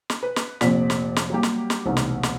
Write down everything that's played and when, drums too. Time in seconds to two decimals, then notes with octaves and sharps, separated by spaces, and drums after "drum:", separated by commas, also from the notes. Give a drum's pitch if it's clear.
0.10 drum: snare
0.23 B4
0.36 drum: snare
0.61 F1 F2 A#2 D5 B6, drum: snare
0.90 drum: snare
1.16 drum: snare
1.30 F#3 G3 A#3 G4
1.43 drum: snare
1.70 drum: snare
1.85 E1 C2 A3 D#4
1.97 drum: snare
2.23 drum: snare